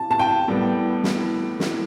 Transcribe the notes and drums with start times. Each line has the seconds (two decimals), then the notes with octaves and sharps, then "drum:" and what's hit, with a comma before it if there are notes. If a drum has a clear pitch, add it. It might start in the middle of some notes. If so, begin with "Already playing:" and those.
Already playing: A5
0.11 A5
0.19 G5
0.48 A2 G3 B3
1.04 drum: snare
1.60 drum: snare